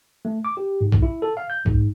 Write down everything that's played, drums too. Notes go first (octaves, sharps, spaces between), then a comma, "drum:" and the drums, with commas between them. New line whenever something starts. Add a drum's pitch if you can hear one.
A3
D6
G4
G#2
drum: kick
E4
A4
F5
G6
G#2, drum: kick